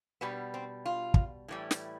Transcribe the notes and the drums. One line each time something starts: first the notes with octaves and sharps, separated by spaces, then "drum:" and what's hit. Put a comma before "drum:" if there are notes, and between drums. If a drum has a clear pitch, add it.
B2 G3 B3
C4
F4
drum: kick
A2 E3 G3
drum: snare